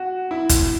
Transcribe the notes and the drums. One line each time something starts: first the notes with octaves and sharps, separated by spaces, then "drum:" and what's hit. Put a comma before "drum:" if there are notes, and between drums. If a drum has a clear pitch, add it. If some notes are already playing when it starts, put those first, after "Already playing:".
Already playing: F#4
E4
drum: kick, hi-hat